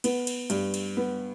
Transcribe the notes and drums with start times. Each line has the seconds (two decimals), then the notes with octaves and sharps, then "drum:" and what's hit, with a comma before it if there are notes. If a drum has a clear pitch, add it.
0.04 B3, drum: cymbal
0.27 drum: cymbal
0.50 G2, drum: cymbal
0.74 drum: cymbal
0.97 B3